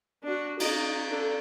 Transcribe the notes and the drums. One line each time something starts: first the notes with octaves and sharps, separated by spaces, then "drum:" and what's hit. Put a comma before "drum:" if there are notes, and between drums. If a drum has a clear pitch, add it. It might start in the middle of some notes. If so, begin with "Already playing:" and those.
D4 F#4
D#5, drum: cymbal
D4 A4